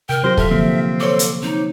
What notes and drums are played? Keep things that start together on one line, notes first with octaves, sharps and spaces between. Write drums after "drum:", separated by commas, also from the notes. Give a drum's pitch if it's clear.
C3 A#4 G5
C3 F#3 F4 G4 C5 A#6
A4 E5 F6, drum: kick
D3 F3 A#3 C4
A4 C5 C#5 D6
drum: hi-hat
C4 D#4